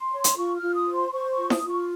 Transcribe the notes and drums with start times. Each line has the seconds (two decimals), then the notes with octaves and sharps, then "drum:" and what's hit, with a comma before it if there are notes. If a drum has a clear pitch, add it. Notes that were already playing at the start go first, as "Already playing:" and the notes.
Already playing: C6
0.11 C#5
0.24 drum: hi-hat
0.37 F4 C#6
0.56 F6
0.62 F4
0.74 D#6
0.87 C5
0.94 C6
1.12 C5 C#6
1.31 C#6
1.38 F4
1.50 D#6, drum: snare E4
1.63 F4
1.69 C#6